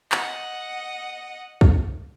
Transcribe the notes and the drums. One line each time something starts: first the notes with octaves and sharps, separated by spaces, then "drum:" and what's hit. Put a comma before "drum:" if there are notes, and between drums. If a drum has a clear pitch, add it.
D#5 F#5, drum: clap
drum: kick